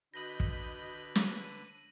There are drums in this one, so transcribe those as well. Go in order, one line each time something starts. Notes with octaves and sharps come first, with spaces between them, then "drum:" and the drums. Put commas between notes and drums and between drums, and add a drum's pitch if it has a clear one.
D3 F#4 B4 D#5 B5 G6 A#6 F#7
drum: kick
D#7, drum: snare